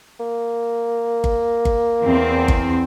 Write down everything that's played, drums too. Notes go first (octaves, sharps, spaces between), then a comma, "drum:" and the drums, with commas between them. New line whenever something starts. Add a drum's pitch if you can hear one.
A#3
drum: kick G1
drum: kick G1
E2 C4
drum: kick G1